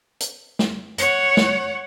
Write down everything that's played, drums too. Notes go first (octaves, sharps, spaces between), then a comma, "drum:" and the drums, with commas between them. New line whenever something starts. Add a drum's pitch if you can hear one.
drum: hi-hat
drum: snare
C#5 F#5, drum: hi-hat
drum: snare